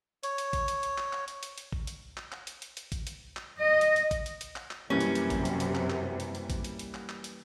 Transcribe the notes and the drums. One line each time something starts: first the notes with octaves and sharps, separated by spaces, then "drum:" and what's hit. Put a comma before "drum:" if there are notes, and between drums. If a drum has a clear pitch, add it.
C#5, drum: hi-hat
drum: hi-hat
drum: kick A1, hi-hat
drum: hi-hat
drum: hi-hat
drum: clap
drum: clap
drum: hi-hat
drum: hi-hat
drum: hi-hat
drum: kick A1
drum: hi-hat
drum: clap
drum: clap
drum: hi-hat
drum: hi-hat
drum: hi-hat
drum: kick A1, hi-hat
drum: hi-hat
drum: clap
D#5
drum: hi-hat
drum: hi-hat
drum: kick A1, hi-hat
drum: hi-hat
drum: hi-hat
drum: clap
drum: clap
F#2 C3 E3 G3 A#3 C#4
drum: hi-hat
drum: hi-hat
drum: kick A1, hi-hat
drum: hi-hat
drum: hi-hat
drum: clap
drum: clap
drum: hi-hat
drum: hi-hat
drum: kick A1, hi-hat
drum: hi-hat
drum: hi-hat
drum: clap
drum: clap
drum: hi-hat